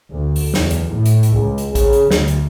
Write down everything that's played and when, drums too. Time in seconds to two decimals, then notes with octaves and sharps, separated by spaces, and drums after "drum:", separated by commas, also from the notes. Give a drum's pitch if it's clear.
0.12 D2
0.36 drum: open hi-hat
0.54 E2, drum: snare
0.71 drum: hi-hat
0.91 A2
1.05 drum: hi-hat
1.23 drum: hi-hat
1.35 C#2
1.58 drum: hi-hat
1.75 C#3, drum: kick A1, hi-hat
1.93 drum: hi-hat
2.11 D2, drum: snare
2.28 drum: hi-hat